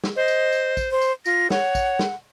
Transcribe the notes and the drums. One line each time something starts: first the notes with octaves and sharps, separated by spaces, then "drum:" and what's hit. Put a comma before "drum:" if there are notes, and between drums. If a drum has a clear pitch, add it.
drum: snare
C5 D#5
drum: tambourine
drum: tambourine
drum: kick, tambourine
C5
drum: tambourine
F4 A#6, drum: tambourine
C#5 F#5, drum: snare
drum: kick, tambourine
drum: snare